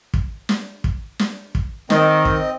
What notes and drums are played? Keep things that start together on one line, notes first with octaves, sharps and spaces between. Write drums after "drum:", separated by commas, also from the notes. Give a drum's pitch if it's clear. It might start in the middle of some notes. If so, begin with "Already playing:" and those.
drum: kick
drum: snare
drum: kick
drum: snare
drum: kick
D#3 C4 D#5, drum: snare
drum: kick